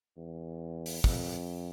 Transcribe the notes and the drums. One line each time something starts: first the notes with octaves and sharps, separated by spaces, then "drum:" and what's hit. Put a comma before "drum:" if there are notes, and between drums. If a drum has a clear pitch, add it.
E2
drum: open hi-hat
F2, drum: kick